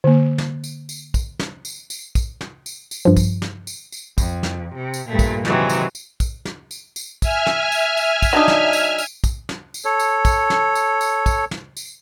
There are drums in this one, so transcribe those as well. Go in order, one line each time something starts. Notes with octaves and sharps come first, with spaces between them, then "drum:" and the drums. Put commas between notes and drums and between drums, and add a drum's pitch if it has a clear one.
D3 A#3
drum: snare
drum: tambourine
drum: tambourine
drum: kick, tambourine
drum: snare
drum: tambourine
drum: tambourine
drum: kick, tambourine
drum: snare
drum: tambourine
drum: tambourine
G2 F3
drum: kick, tambourine
drum: snare
drum: tambourine
drum: tambourine
F2, drum: kick, tambourine
drum: snare
C3
drum: tambourine
G2 A#2 A3
drum: kick, tambourine
C3 D#3 E3 F#3 G#3, drum: snare
drum: tambourine
drum: tambourine
drum: kick, tambourine
drum: snare
drum: tambourine
drum: tambourine
E5 G#5 F6, drum: kick, tambourine
drum: snare
drum: tambourine
drum: tambourine
drum: kick, tambourine
F#3 D4 D#4
drum: snare
drum: tambourine
drum: tambourine
drum: kick, tambourine
drum: snare
drum: tambourine
A4 C#5
drum: tambourine
drum: kick, tambourine
drum: snare
drum: tambourine
drum: tambourine
drum: kick, tambourine
drum: snare
drum: tambourine